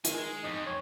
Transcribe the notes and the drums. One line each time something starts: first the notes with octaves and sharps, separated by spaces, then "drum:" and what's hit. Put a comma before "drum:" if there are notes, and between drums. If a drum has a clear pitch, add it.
D#3 G#3 G#5, drum: hi-hat
F2 D#4
C#5